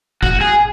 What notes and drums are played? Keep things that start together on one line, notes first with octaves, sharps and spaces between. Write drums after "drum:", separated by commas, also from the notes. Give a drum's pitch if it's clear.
F#4, drum: kick
G#4